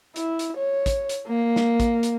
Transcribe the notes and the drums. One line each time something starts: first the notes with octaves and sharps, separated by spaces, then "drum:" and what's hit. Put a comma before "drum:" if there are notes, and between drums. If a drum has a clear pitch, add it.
E4, drum: hi-hat
drum: hi-hat
C#5
drum: kick, hi-hat
drum: hi-hat
A#3
drum: snare
drum: kick, hi-hat
drum: hi-hat